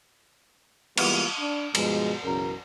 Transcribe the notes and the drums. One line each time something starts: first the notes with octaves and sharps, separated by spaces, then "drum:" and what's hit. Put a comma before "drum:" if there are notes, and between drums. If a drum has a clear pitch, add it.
E3 G3 G#3 A#3 B3 F4, drum: cymbal
D4
G2 B2 F3 G#3, drum: cymbal
B1 F#2 C#3 E3 A#4